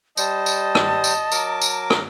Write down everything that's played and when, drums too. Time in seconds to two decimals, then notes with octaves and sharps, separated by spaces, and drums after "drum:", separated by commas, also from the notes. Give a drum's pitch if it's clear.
0.17 G3 C5 D#5 A5, drum: tambourine
0.46 drum: tambourine
0.75 drum: rim click
1.04 drum: tambourine
1.32 F#3 A#4 D6, drum: tambourine
1.61 drum: tambourine
1.90 drum: rim click